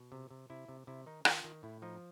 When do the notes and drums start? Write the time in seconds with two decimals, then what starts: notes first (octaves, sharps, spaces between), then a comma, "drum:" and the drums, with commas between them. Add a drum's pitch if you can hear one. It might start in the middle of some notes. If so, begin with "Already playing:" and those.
Already playing: B2
0.12 C3
0.31 C3
0.50 C3 E4
0.68 C3
0.87 C3 E4
1.06 D#3 D#4
1.25 D#3 F4, drum: rim click
1.44 D#3
1.63 A2 E4
1.82 F3 D#4